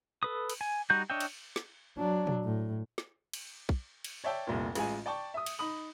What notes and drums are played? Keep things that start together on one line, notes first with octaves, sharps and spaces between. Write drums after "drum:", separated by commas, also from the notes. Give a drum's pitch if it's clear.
A4 B4 D#6
drum: cymbal
G#5
G3 D#4 F#4 G6
D4 C#5 D#5 E5 G5
drum: cymbal
drum: snare
F#3 D4
drum: tom A#2
A2
drum: snare
drum: cymbal
drum: kick
drum: cymbal
C#5 D5 E5 G5 A5
F1 C2 A#2
A1 G#3 F4 G#5, drum: cymbal
D5 G5 A5 C#6
E5 D#6
drum: cymbal
D#4 B5 D#6 F#7